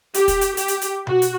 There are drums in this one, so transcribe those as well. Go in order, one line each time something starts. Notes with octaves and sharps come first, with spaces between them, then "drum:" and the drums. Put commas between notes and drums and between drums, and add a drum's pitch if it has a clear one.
G4, drum: hi-hat
drum: kick, hi-hat
drum: hi-hat
G4, drum: hi-hat
drum: hi-hat
drum: hi-hat
F#4, drum: tom B2
drum: hi-hat